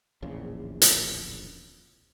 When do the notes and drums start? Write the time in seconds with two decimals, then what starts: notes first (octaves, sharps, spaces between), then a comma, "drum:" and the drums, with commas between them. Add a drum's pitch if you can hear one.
0.22 D1 A#1 E2 C#3
0.82 drum: hi-hat